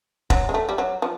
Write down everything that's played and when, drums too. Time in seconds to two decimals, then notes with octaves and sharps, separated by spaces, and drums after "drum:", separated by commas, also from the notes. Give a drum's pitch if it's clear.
0.30 F#3, drum: kick E1
0.49 G#3
0.54 A3
0.69 G3
0.78 F#3
1.02 F3